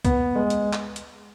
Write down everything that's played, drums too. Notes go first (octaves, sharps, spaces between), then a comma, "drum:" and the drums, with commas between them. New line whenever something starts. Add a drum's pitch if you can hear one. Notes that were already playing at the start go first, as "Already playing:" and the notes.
B3, drum: kick C2, hi-hat
G#3
drum: hi-hat
drum: clap
drum: hi-hat